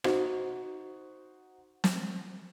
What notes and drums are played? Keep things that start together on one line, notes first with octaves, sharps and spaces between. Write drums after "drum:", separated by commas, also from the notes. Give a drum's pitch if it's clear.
D#4 F#4 C5, drum: rim click
drum: snare